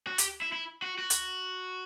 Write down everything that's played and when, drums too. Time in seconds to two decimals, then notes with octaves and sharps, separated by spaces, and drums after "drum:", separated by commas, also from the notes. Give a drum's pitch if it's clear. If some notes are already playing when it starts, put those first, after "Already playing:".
0.07 F#4
0.18 G4, drum: hi-hat
0.42 E4
0.52 E4
0.82 F#4
0.99 F#4
1.10 drum: hi-hat